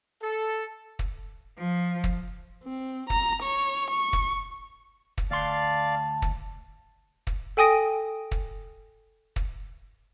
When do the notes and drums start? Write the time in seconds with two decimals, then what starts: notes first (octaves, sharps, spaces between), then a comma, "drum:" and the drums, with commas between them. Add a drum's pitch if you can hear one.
0.21 A4
0.99 drum: kick
1.57 F3
2.04 drum: kick
2.64 C4
3.10 A#5, drum: kick
3.43 C#5
3.91 C#6
4.13 drum: kick
5.18 drum: kick
5.31 D2 D5 F5 A5 C6
6.22 drum: kick
7.27 drum: kick
7.57 A4 G5 G#5 D#6 A#6 D7
8.31 drum: kick
9.36 drum: kick